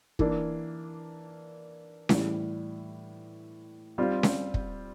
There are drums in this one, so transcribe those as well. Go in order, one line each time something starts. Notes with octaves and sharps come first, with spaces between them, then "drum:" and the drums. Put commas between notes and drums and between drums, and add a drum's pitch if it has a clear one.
E3 A#3 D4, drum: kick
A2 E3 G3, drum: snare C#4
G3 C4 F4
drum: snare C#4
drum: kick